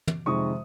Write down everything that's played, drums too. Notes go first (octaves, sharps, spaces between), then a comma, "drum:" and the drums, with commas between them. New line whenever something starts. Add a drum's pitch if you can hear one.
drum: tom
F2 C3 D#3 G#3 C#6 D#6